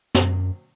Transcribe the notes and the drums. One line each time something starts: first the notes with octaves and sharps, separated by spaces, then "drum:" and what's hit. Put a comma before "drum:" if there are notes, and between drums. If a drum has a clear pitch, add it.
F#2, drum: snare